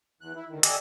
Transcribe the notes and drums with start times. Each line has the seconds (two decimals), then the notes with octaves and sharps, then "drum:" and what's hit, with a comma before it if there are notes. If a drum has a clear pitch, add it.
0.21 E2 F#6
0.36 E4
0.50 D2 D#3
0.63 G4 A4 D5 D#5 G#5 A5, drum: hi-hat